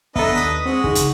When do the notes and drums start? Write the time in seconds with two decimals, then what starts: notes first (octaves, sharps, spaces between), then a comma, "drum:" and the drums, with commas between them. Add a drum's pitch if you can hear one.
0.16 B3 D4 A4 B4 D#5 E5 A#5, drum: kick
0.35 D#2 D#6 B6
0.66 G#3 C4 F#4
0.84 C#3 D#4 G#4, drum: kick
0.95 drum: hi-hat